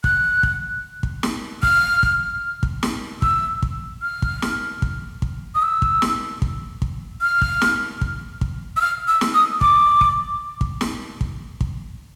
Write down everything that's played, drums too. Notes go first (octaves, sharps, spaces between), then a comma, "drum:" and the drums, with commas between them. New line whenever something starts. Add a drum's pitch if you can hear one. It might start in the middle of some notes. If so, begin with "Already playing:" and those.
F#6, drum: kick
drum: kick
drum: kick
drum: snare
F6, drum: kick
drum: kick
drum: kick
drum: snare
E6, drum: kick
drum: kick
F6
drum: kick
drum: snare
drum: kick
drum: kick
D#6
E6
drum: kick
drum: snare
drum: kick
drum: kick
F6
drum: kick
drum: snare
drum: kick
drum: kick
E6
F6
E6
drum: snare
D#6
D6, drum: kick
drum: kick
drum: kick
drum: snare
drum: kick
drum: kick